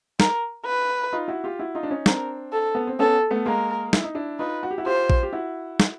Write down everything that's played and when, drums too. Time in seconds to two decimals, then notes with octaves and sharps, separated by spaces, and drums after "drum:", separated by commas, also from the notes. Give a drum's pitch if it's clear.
0.20 A#4, drum: snare
0.66 B4
1.13 D#4 F4
1.28 E4 F#4
1.44 F4 G4
1.59 E4 F#4
1.75 D#4 F4
1.83 D4
1.90 C#4 D#4
2.06 C4 D4 A#4, drum: snare
2.53 A4
2.75 B3
2.87 C4
2.99 B3 C#4 A4
3.31 A3 B3
3.46 G#3 A#3 A#4
3.93 E4, drum: snare
4.04 D#4
4.15 D4 E4
4.39 D#4 F4 B4
4.63 F#4
4.71 G4
4.78 E4 F#4
4.86 F4 G4 C5
5.10 drum: kick A#1
5.23 G4
5.33 E4 F#4
5.80 drum: snare